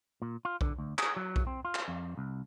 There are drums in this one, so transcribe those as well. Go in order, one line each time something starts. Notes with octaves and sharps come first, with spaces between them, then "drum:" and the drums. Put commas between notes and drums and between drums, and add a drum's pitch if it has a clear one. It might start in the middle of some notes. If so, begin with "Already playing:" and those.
A#2
F4
D3, drum: kick B1
D2
G#4, drum: clap
F#3
drum: kick B1
C4
F4
drum: clap
F2
C2